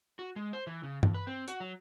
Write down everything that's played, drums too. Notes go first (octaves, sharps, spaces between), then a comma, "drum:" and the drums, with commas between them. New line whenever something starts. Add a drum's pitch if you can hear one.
F#4
G#3
C5
E3
C#3
F2, drum: tom G2
B4
C4
F#4, drum: hi-hat
F#3